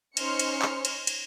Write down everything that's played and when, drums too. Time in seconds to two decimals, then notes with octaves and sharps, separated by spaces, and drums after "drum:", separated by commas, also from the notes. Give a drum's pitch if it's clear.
0.17 C#4 D#4 C5 C6 F6 C#7, drum: cymbal
0.39 drum: cymbal
0.62 drum: clap
0.85 drum: cymbal
1.07 drum: cymbal